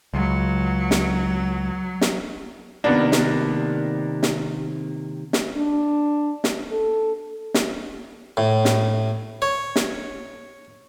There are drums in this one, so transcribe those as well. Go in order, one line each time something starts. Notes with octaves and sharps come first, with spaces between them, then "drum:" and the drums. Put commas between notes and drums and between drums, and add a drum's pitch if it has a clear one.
C#2 F#3
drum: snare
drum: snare
C3 D#3 A#3 B3 D4
drum: snare
drum: snare
drum: snare
D4
drum: snare
A4
drum: snare
A2
drum: snare
C#5
drum: snare